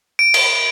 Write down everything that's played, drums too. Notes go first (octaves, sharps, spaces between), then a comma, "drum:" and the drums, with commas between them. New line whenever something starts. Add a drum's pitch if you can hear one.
D7
drum: cymbal